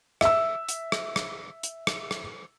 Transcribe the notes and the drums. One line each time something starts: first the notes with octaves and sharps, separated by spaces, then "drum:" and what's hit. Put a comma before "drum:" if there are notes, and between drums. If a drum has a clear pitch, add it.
E5 E6, drum: rim click
drum: hi-hat
drum: rim click
drum: rim click
drum: hi-hat
drum: rim click
drum: rim click